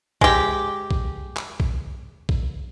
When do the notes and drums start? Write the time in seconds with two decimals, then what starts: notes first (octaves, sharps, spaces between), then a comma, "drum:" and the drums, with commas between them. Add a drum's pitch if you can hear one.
0.21 G#3 G4, drum: kick
0.91 drum: kick
1.37 drum: clap
1.60 drum: kick
2.29 drum: kick